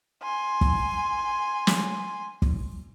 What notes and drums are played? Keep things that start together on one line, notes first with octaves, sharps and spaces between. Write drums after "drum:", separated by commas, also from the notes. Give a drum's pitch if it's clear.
G#5 C6
drum: kick
drum: snare
drum: kick